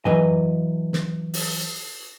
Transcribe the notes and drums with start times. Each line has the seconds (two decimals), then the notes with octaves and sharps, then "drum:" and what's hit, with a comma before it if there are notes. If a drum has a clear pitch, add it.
0.05 E3 F#3 B4 D#5 G#5, drum: tom
0.93 drum: snare
1.34 drum: open hi-hat